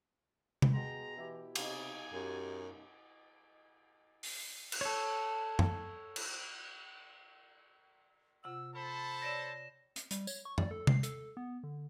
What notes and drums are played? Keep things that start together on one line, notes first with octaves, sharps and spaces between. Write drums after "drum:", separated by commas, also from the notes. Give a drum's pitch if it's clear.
drum: tom C3
B2 G#4 G5 A#5 C6
E3 E4 G4
C3 D#4 F5 G#5, drum: cymbal
F#2 G4
drum: open hi-hat
drum: cymbal
A4 C#5
drum: tom F#2
drum: cymbal
C3 F4 F#5 E6
A4 C5 A5 B5
C#5 D5 E6 A#6 E7
drum: hi-hat
G3, drum: hi-hat
C#5, drum: tambourine
C#6
D5, drum: tom F#2
A4
C7, drum: tom C3
A4, drum: hi-hat
B3
D3